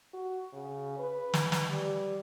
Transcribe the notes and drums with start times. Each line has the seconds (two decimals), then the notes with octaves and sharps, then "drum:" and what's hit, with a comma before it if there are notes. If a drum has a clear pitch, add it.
0.13 F#4
0.53 C#3
0.99 B4
1.34 drum: snare
1.52 drum: snare
1.70 G3